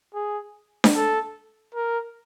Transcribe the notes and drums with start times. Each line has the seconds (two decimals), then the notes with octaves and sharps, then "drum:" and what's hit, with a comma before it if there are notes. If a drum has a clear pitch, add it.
0.14 G#4
0.84 drum: snare D4
0.95 A4
1.74 A#4